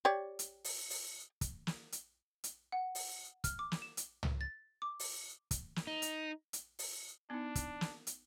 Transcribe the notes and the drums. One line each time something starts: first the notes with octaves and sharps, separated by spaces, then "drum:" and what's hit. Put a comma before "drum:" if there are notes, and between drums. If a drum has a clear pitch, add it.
G4 C#5 D5
drum: hi-hat
drum: open hi-hat
drum: open hi-hat
drum: kick, hi-hat
drum: snare
drum: hi-hat
drum: hi-hat
F#5
drum: open hi-hat
F6, drum: kick, hi-hat
D6
drum: snare
E7
drum: hi-hat
drum: tom
A6
D6
drum: open hi-hat
drum: kick, hi-hat
drum: snare
D#4
drum: hi-hat
drum: hi-hat
drum: open hi-hat
B3 D4 D#4
drum: kick, hi-hat
drum: snare
drum: hi-hat